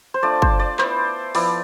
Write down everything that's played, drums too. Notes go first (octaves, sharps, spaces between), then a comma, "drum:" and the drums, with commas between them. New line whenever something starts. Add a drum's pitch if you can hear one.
C5
A3 D4 F4 D5
C5, drum: kick
D5
B3 E4 C5, drum: clap
F3 B3 E4 D5, drum: open hi-hat